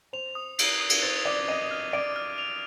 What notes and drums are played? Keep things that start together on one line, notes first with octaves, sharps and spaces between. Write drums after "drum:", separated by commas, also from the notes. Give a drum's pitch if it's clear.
C5 F7
D#6
C7, drum: cymbal
D#6
drum: cymbal
C5 A6
D5 D6
D#5 D#7
F6
D5 D7
F6
F7